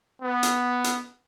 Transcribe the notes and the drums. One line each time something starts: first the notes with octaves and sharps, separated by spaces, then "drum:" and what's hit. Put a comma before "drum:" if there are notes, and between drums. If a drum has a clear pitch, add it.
B3
drum: hi-hat
drum: hi-hat